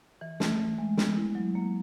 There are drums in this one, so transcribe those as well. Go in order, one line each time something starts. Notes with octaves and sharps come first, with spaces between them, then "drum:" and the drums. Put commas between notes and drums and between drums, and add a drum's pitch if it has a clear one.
E3
A3, drum: snare
E3
G#3
B3, drum: snare
E4
F#3
A#3